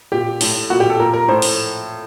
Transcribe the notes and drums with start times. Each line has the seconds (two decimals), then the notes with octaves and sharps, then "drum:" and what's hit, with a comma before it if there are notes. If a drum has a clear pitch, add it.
0.12 A#2 G4
0.41 A2, drum: open hi-hat
0.70 A#2 F#4
0.80 G4
0.90 A4
1.00 A#2 A#4
1.13 A#4
1.28 A2 C5
1.42 drum: open hi-hat